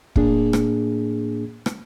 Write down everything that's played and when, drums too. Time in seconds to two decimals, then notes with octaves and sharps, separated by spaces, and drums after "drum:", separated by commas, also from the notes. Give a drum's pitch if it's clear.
0.16 A2 A#3 D4 G#4, drum: kick
0.53 drum: rim click
1.66 drum: rim click